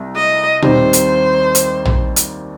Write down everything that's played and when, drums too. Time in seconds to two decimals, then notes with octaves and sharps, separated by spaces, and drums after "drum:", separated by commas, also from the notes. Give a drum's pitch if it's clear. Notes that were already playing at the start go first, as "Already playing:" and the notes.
Already playing: C2
0.16 D#5
0.62 D#2 D#3 G3 C4 C5, drum: tom A#2
0.93 drum: hi-hat
1.55 drum: hi-hat
1.85 drum: tom A#1
2.16 drum: hi-hat